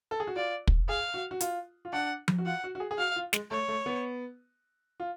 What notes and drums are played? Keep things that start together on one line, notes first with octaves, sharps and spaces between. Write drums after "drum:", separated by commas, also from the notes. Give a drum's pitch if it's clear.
A4
G#4
F#4
F4 D5
drum: kick
G#4 F5
F#4
F#4
F4, drum: hi-hat
F4
D4 F#5
drum: tom F3
F#4
F4 F#5
F#4
F#4
G#4
G#4
F#4 F5
F4
G#3, drum: snare
A3 C#5
A3
B3
F4